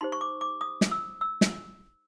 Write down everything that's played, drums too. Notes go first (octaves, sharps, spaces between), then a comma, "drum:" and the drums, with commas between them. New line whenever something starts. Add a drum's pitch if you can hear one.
D#4 G4 C5 C6
C#6
D6
D6
D#6
drum: snare
E6
E6
drum: snare